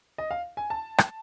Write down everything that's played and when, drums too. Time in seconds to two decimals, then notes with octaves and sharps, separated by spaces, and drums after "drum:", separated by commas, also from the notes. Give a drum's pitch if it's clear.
0.18 D#5
0.31 F5
0.57 G#5
0.70 A5
0.98 drum: rim click